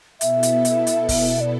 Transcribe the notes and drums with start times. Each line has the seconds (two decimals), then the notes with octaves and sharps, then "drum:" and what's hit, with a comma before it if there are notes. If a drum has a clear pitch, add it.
0.21 B2 B3 E4 A4 E5, drum: hi-hat
0.43 drum: hi-hat
0.65 drum: hi-hat
0.87 drum: hi-hat
1.09 drum: kick, open hi-hat
1.41 D5